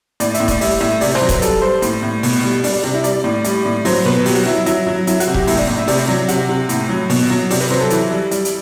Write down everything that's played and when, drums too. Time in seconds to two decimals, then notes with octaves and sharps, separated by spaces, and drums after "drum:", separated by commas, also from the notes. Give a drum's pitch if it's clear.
0.20 A2 D5, drum: hi-hat
0.34 E5, drum: hi-hat
0.40 A2
0.48 D5, drum: kick E1, hi-hat
0.61 G3 E5, drum: open hi-hat
0.81 A2 E5
1.01 C3 D5, drum: open hi-hat
1.15 C5, drum: rim click
1.22 F#3
1.29 B4, drum: kick E1, hi-hat
1.42 G3 A4, drum: hi-hat
1.62 G3 C5
1.82 A2, drum: hi-hat
2.03 A2
2.23 B2, drum: open hi-hat
2.43 G3
2.64 G3 D4, drum: open hi-hat
2.74 D4
2.84 C3
2.94 E4
3.04 G3 D5, drum: hi-hat
3.24 A2
3.44 G3, drum: hi-hat
3.65 A2
3.85 F#3 C5, drum: open hi-hat
4.05 B2 B4
4.25 F#3 G4, drum: open hi-hat
4.35 F#4
4.46 F#3 E4
4.56 E4
4.66 F#3 E4, drum: hi-hat
4.87 F#3
5.07 F#3 E4, drum: hi-hat
5.20 F#4, drum: hi-hat
5.27 C3
5.34 G4, drum: kick E1
5.47 A2 E4, drum: open hi-hat
5.58 D4
5.68 A2
5.78 E5
5.88 C3 D5, drum: open hi-hat
6.08 F#3
6.28 C3 F#5, drum: hi-hat
6.49 C3
6.69 A2, drum: hi-hat
6.89 F#3
7.10 B2, drum: open hi-hat
7.30 F#3
7.50 C3 D5, drum: open hi-hat
7.60 B4
7.71 F#3 C5
7.81 A4
7.90 E3 E4, drum: hi-hat
8.11 G3
8.31 G3, drum: hi-hat
8.45 drum: hi-hat